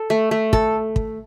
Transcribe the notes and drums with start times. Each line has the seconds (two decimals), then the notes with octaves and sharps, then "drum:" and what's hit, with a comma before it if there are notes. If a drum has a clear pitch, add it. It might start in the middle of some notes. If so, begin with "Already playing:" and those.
Already playing: A4
0.10 A3
0.31 A3
0.53 A4, drum: kick
0.96 drum: kick